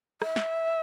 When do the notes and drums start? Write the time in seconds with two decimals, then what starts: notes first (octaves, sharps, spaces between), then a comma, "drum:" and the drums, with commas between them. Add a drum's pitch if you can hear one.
0.22 E5, drum: rim click
0.36 drum: snare